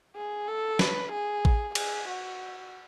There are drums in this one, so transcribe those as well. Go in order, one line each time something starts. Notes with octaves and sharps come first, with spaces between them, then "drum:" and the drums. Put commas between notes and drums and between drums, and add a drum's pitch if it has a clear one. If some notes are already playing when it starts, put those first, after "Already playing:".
G#4
A4
B4, drum: snare
G#4
drum: kick A1
G#4, drum: cymbal
F#4